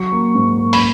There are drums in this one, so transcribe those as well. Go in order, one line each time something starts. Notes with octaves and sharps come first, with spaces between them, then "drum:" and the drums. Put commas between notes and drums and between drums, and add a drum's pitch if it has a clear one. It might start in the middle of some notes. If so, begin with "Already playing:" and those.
Already playing: F#3 C#6
A#3
G#2
A#3
B5, drum: open hi-hat